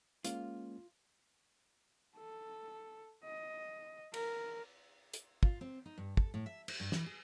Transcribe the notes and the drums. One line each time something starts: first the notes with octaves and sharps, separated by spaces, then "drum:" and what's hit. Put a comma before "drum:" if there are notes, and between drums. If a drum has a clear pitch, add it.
G#3 A#3 C#4 F4, drum: hi-hat
A4
D#5
A#4, drum: cymbal
drum: hi-hat
F4, drum: kick
C4
D#4
G2
A4, drum: kick
A2
E5
C5, drum: cymbal
G2
E3, drum: snare
G#4